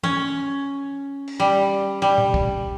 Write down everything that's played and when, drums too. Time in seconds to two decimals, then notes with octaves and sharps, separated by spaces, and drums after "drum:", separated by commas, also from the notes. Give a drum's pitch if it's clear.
0.03 C#4, drum: tom
1.27 drum: cymbal
1.40 G3
2.02 G3
2.18 drum: tom
2.34 drum: kick